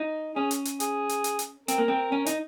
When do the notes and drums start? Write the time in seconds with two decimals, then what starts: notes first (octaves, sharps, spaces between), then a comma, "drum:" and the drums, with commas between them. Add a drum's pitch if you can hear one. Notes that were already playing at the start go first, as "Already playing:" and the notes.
Already playing: D#4
0.36 C#4 G#4
0.51 drum: hi-hat
0.65 drum: hi-hat
0.80 G#4, drum: hi-hat
1.09 drum: hi-hat
1.24 drum: hi-hat
1.39 drum: hi-hat
1.68 C4 A#4, drum: hi-hat
1.78 A#3
1.88 C4
2.12 C#4
2.26 D#4, drum: hi-hat